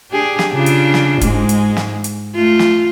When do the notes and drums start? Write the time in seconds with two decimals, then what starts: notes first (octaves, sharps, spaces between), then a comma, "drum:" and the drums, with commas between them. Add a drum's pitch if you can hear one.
0.11 D4 G4 G#4
0.39 drum: snare
0.53 C#3 D4 F4
0.66 drum: hi-hat
0.94 drum: snare
1.21 G#2 G#3, drum: kick, hi-hat
1.49 drum: hi-hat
1.77 drum: snare
2.04 drum: hi-hat
2.35 A3 F4
2.59 drum: snare